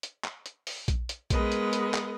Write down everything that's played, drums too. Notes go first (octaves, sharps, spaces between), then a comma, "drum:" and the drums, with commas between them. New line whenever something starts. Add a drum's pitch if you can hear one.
drum: hi-hat
drum: clap
drum: hi-hat
drum: open hi-hat
drum: kick A#1, hi-hat
drum: hi-hat
G#3 B3 G#4 A#4 B4 D#5, drum: kick A#1, hi-hat
drum: hi-hat
drum: hi-hat
drum: clap